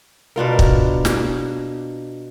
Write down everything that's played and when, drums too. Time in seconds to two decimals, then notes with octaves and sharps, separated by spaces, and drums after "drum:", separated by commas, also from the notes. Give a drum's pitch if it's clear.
0.36 B2 D4 F4 A#4
0.59 drum: kick
1.05 drum: snare